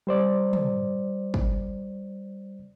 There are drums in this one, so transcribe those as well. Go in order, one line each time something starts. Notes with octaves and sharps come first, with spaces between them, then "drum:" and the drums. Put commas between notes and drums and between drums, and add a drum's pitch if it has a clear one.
G3 C5 D5
drum: tom
drum: kick